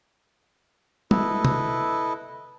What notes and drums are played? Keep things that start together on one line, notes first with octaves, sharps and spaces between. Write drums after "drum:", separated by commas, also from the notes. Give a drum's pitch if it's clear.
E4 A4 B4 D#5, drum: tom
drum: tom C3